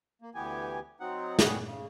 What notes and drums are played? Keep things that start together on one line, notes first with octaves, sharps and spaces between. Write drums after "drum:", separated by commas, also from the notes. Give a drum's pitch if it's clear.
A#3
D2 E3 B3 G4 G#5
F#3 C4 D#4 F#5
G3 B3 C#4 G#4 F#5, drum: snare
C#3